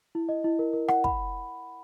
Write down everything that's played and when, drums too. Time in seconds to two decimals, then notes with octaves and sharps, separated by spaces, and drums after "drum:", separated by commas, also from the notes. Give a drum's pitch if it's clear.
0.15 E4
0.29 D#5
0.44 E4
0.59 A#4
0.73 A#4
0.88 F#5, drum: rim click
1.04 B5, drum: kick